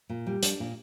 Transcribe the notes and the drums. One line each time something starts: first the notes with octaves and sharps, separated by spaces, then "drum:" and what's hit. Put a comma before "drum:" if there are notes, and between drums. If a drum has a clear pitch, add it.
A#2
G3
D4, drum: hi-hat
A#2